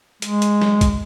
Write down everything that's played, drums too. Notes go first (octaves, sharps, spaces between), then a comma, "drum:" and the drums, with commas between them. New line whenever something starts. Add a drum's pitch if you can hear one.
G#3, drum: hi-hat
drum: hi-hat
drum: snare
drum: kick, hi-hat